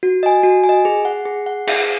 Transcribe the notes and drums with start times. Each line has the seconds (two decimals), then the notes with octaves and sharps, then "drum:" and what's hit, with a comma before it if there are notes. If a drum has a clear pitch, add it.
0.03 F#4
0.23 D#5 G#5
0.43 F#4
0.64 G#5
0.69 D#5
0.85 G#4
1.05 F#5
1.26 G#4
1.46 F#5
1.68 G#4, drum: cymbal